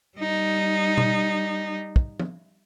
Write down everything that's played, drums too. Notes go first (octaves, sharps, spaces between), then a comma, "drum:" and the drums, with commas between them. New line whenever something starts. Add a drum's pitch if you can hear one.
G3 D#4
drum: tom B2
drum: kick
drum: tom